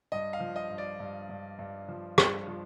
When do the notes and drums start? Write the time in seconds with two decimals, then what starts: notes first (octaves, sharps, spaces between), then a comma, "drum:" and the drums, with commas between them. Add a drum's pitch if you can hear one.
0.12 G2 D#5
0.33 F5
0.40 F3
0.56 D#5
0.70 G2
0.78 D5
1.00 G2
1.29 G2
1.59 G2
1.89 F3
2.18 G2, drum: rim click
2.47 F3